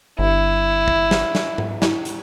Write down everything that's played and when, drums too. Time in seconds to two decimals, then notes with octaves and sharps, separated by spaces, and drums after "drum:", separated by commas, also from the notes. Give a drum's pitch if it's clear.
0.19 G1 E4
0.88 drum: kick
1.11 drum: snare
1.35 drum: snare
1.58 drum: tom G#2
1.82 E4, drum: snare
2.05 drum: hi-hat